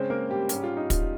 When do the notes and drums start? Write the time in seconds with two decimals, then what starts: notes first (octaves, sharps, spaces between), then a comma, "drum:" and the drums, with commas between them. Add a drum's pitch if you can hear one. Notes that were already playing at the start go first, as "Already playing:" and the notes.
Already playing: C#3 G#3 C4 C#4 C5
0.10 A#3 A#4
0.30 G3 G4
0.49 G#2 G3 C#4 G4, drum: hi-hat
0.64 F4
0.77 D#4
0.90 F4, drum: kick, hi-hat